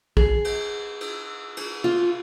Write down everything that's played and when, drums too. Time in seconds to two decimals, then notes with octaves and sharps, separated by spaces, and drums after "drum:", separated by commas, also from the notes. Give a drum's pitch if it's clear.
0.17 G#4, drum: kick
0.45 drum: cymbal
1.01 drum: cymbal
1.57 drum: cymbal
1.84 F4